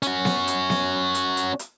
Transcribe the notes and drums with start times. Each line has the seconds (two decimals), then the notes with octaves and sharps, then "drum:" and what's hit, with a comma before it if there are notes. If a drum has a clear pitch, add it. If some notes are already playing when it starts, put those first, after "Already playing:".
0.03 C#4 F#4, drum: hi-hat
0.25 drum: snare B3
0.47 drum: hi-hat
0.70 drum: snare B3
1.15 drum: hi-hat
1.37 drum: hi-hat
1.59 drum: hi-hat